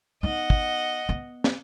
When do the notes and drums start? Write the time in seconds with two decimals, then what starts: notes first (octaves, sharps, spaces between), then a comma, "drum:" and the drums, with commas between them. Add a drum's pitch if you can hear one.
0.23 B3 D#4 D#5 F#5
0.50 drum: kick
1.09 B3
1.44 drum: snare